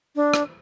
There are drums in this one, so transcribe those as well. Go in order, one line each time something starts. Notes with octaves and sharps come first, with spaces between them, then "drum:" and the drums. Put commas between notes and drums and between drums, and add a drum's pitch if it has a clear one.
D4
drum: rim click